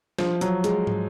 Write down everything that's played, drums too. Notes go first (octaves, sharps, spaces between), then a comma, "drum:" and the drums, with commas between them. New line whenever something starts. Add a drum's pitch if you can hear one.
F3, drum: snare
F#3, drum: hi-hat
G#3, drum: hi-hat
drum: tom